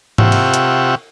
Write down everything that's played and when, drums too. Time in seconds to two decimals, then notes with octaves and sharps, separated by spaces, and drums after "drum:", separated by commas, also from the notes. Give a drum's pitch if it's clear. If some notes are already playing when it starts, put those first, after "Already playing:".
0.18 C3 F4 G4 E5 F#5 C#6, drum: tom G#2
0.32 drum: cymbal
0.54 drum: hi-hat